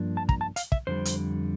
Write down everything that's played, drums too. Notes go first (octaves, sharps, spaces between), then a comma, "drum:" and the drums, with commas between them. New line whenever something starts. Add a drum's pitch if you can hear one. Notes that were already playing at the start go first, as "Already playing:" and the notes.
Already playing: G2 F3 A#3 D4
A5
A#5, drum: kick
A5
F5, drum: hi-hat
E5, drum: kick
F2 D3 G3 C5
drum: hi-hat